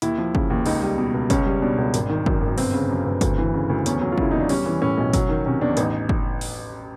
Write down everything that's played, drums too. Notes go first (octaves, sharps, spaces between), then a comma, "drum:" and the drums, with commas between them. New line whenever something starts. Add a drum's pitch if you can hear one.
D#2 E4, drum: hi-hat
F3
C#3, drum: kick
D#2
C#2 D#4, drum: open hi-hat
G3
B2
C#2
C#2 C#4, drum: kick, hi-hat
G3
B2 D4
C#2
G#1, drum: hi-hat
D#3
F#2, drum: kick
G#1
G1 C4, drum: open hi-hat
C#3
F#2
G1
D2, drum: kick, hi-hat
E3
C#3
D2
E2 C#4, drum: hi-hat
F#3
F4
C#3 E4, drum: kick
E2 D#4
D4
G3 C#4, drum: open hi-hat
E3
A2 C#4
B1
F#3, drum: kick, hi-hat
D#3
C3 C#4
E2 D4
A1 D#4, drum: hi-hat
drum: kick
drum: open hi-hat